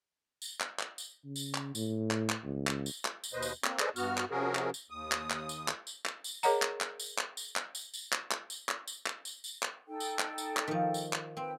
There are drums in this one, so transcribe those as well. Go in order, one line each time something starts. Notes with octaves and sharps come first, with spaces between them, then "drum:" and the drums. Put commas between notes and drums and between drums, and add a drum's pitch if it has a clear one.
drum: tambourine
drum: clap
drum: clap
drum: tambourine
C#3
drum: tambourine
drum: clap
A2, drum: tambourine
drum: clap
drum: clap
C#2
drum: clap
drum: tambourine
drum: clap
drum: tambourine
D#2 B2 B4 C5 D#5
drum: tambourine
A#3 C4, drum: clap
G#4 A4 B4 C5 D5 D#5, drum: clap
G2 B3 F#4 F6, drum: tambourine
drum: clap
C3 F3 C#4 F#4 G#4 A#4
drum: clap
drum: tambourine
D#2 D#6
drum: clap
drum: clap
drum: tambourine
drum: clap
drum: tambourine
drum: clap
drum: tambourine
G#4 A#4 C#5 D#5 F#5 A#5, drum: tambourine
drum: clap
drum: clap
drum: tambourine
drum: clap
drum: tambourine
drum: clap
drum: tambourine
drum: tambourine
drum: clap
drum: clap
drum: tambourine
drum: clap
drum: tambourine
drum: clap
drum: tambourine
drum: tambourine
drum: clap
D#4 A4 G5
drum: tambourine
drum: clap
drum: tambourine
drum: clap
D#3 F3
drum: tambourine
drum: clap
C4 B4 G5